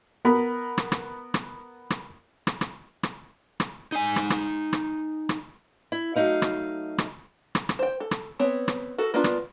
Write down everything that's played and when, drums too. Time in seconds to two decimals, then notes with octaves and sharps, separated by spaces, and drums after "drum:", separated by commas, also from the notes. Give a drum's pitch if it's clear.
0.25 B3 A#4 B5
0.78 drum: rim click
0.92 drum: rim click
1.34 drum: rim click
1.90 drum: rim click
2.47 drum: rim click
2.61 drum: rim click
3.03 drum: rim click
3.60 drum: rim click
3.92 D#4 G#5
4.16 drum: rim click
4.30 drum: rim click
4.73 drum: rim click
5.29 drum: rim click
5.92 E4
6.16 F#3 A3 D#4 F5
6.42 drum: rim click
6.98 drum: rim click
7.55 drum: rim click
7.69 drum: rim click
7.79 C5 G5
8.00 A4
8.11 drum: rim click
8.39 B3 C4 C#5
8.68 drum: rim click
8.98 F#4 A4 A#4
9.14 A#3 B3 D4 F4
9.24 drum: rim click